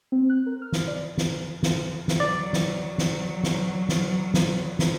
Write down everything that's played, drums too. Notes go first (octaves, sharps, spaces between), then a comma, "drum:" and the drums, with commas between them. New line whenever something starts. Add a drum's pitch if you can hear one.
C4
F#6
A#4
F6
drum: snare
D5
drum: snare
drum: snare
drum: snare
F#3 D5
drum: snare
drum: snare
drum: snare
drum: snare
drum: snare
drum: snare